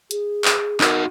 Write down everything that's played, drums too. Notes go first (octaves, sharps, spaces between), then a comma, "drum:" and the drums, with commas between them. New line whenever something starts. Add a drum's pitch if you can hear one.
G#4, drum: hi-hat
drum: clap
D#4 F#4 A#4, drum: clap